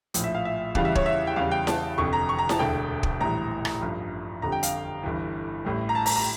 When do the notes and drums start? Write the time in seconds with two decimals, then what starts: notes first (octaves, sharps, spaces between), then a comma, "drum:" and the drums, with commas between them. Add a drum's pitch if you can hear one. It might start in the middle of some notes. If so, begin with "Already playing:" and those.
0.14 A#1 A2 F3, drum: hi-hat
0.24 E5
0.35 F5
0.45 E5
0.75 E2 C#3 E3 G3 F5, drum: kick
0.85 E5
0.95 C#5, drum: kick
1.06 E5
1.27 G5
1.36 E2 C#3 E3 G3 F5
1.51 G5
1.67 A5, drum: snare E4
1.98 F1 F2 D3 C#6
2.13 A#5
2.29 C#6
2.39 A#5
2.49 A5, drum: snare E4
2.59 E1 D2 D3 G5
3.03 drum: kick
3.20 A#1 A2 E3 G3 A#5
3.65 drum: rim click
3.81 A1 G2 F3
4.42 G1 F2 D3 G3 A#5
4.52 G5
4.63 F5, drum: hi-hat
5.03 G1 G2 E3
5.65 A1 A2 G3
5.89 A#5
5.95 A5
6.06 A#5, drum: open hi-hat
6.16 A#5